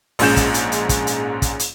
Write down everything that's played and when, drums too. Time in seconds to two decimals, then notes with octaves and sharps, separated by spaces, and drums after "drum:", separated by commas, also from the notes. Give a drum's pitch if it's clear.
0.19 A#1 G#2 G#3 C#4 G6 E7, drum: open hi-hat
0.37 drum: kick, hi-hat
0.54 drum: hi-hat
0.72 drum: hi-hat
0.89 drum: kick, hi-hat
1.07 drum: hi-hat
1.42 drum: kick, hi-hat
1.59 drum: hi-hat